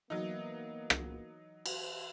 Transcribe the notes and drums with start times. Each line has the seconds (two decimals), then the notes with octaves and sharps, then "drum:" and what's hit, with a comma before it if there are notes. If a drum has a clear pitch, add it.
0.10 E3 F#3 A#3 B3 D#4 D#5
0.90 drum: rim click
1.66 drum: cymbal